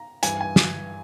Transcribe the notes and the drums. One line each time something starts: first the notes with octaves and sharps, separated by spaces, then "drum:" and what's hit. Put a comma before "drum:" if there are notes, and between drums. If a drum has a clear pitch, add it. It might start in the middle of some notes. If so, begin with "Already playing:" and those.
Already playing: A#5
G2 E3 G#5, drum: hi-hat
G#5
drum: snare